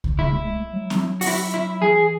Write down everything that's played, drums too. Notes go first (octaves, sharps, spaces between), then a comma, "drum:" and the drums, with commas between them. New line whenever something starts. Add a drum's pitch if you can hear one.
drum: kick C2
C#3 E4
G#3
A3
G#3
F#3
drum: snare C4
F#4, drum: open hi-hat
E4
E4
E3 G#4